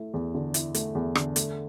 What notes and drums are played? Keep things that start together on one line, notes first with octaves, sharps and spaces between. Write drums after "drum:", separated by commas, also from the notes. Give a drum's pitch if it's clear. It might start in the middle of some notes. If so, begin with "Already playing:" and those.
Already playing: A3 E4
E2
D3
E4, drum: hi-hat
A3, drum: hi-hat
E2
D3, drum: rim click
A3, drum: hi-hat